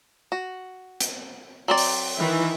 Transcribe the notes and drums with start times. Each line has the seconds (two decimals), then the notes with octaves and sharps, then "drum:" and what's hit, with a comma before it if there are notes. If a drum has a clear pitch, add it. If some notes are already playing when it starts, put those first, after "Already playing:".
0.32 F#4
1.00 drum: hi-hat
1.68 F#3 C4 D5
1.78 drum: open hi-hat
2.16 D#3 E3 E5